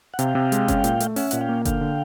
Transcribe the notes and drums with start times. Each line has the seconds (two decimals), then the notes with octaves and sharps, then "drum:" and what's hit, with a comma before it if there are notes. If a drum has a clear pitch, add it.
0.14 F#5
0.19 C3 F5 G5, drum: hi-hat
0.35 C3
0.52 G#3, drum: hi-hat
0.68 C#4, drum: kick F#1, hi-hat
0.84 A#2, drum: hi-hat
1.00 A3, drum: hi-hat
1.16 C#4 E5 F#5, drum: open hi-hat
1.31 A#2 F#5, drum: hi-hat
1.41 F5 G5
1.49 A#3
1.65 D3 F5 G5, drum: kick F#1, hi-hat
1.81 D3